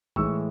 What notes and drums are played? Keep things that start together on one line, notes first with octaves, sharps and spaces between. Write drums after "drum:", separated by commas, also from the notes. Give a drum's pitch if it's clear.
A2 E3 G#3 C#6 E6, drum: kick A#1